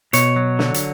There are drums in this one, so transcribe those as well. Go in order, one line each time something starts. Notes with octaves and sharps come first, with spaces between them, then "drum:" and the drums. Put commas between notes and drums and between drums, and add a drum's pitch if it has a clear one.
B2 C#5, drum: hi-hat
F#3
D3, drum: snare
drum: hi-hat